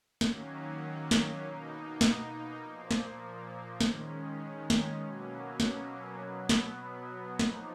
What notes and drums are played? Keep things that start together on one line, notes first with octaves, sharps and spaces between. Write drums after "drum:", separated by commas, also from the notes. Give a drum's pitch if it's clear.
D#3 F#3 A#3 C#4, drum: snare
drum: snare
B2 A#3 D#4
drum: snare
A#2 F3 A#3
drum: snare
D#3 G#3 C#4, drum: snare
drum: snare
B2 F#3 A#3 C#4
drum: snare
B2 F#3 B3
drum: snare
F3 A#3 D#4, drum: snare